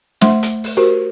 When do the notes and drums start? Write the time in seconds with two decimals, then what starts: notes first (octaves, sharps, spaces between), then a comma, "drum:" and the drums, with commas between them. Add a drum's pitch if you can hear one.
0.21 A3 C5 E5 F#5 C6, drum: snare
0.43 drum: hi-hat
0.64 drum: open hi-hat
0.77 F#4 G4 A#4 C5